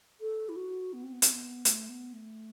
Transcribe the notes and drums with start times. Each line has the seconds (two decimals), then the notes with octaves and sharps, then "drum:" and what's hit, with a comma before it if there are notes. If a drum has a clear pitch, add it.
0.21 A4
0.49 E4
0.56 F#4
0.93 B3
1.03 C4
1.13 B3
1.22 C4, drum: hi-hat
1.32 B3
1.65 A3, drum: hi-hat
1.89 B3
2.13 A3